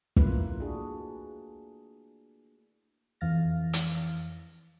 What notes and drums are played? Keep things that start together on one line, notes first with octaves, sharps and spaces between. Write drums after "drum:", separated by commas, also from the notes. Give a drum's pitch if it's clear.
A3 A#3 E4 F4 B4, drum: kick
D4 F#4 G#4
F2 E3 F5 F6 A6 A#6
drum: hi-hat